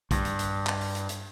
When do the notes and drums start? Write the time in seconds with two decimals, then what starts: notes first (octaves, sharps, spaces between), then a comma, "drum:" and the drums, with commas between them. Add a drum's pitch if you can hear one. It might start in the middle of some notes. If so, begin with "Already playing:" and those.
0.11 G2, drum: kick, hi-hat
0.25 drum: hi-hat
0.39 drum: hi-hat
0.67 drum: clap
0.81 drum: open hi-hat
0.95 drum: hi-hat
1.09 drum: hi-hat